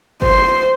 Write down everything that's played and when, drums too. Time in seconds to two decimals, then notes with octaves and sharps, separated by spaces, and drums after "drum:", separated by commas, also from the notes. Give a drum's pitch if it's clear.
0.22 C5, drum: kick